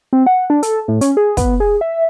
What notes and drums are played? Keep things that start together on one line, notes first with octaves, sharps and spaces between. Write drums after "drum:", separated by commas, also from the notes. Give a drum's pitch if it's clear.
C4
F#5
D4
A4, drum: hi-hat
A2
C#4, drum: hi-hat
G#4
B3, drum: kick, hi-hat
G#4
E5